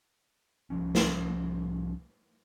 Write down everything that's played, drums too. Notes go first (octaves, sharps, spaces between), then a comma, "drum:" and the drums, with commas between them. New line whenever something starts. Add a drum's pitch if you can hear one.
C2 F3 C#4
drum: snare